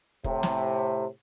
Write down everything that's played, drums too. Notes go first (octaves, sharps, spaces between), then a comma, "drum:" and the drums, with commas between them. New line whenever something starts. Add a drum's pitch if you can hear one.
A2 C3, drum: kick F1
drum: snare